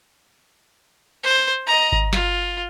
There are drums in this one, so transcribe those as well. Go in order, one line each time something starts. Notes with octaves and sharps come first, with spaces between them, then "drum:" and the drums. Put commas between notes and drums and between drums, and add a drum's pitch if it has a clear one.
C5
D#5 A#5
drum: kick G#1
F4, drum: snare